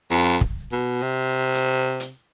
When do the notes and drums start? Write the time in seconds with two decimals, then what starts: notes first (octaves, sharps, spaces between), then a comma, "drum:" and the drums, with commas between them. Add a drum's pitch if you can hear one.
0.11 F2
0.41 drum: kick
0.72 B2
1.02 C3
1.54 drum: hi-hat
2.00 drum: hi-hat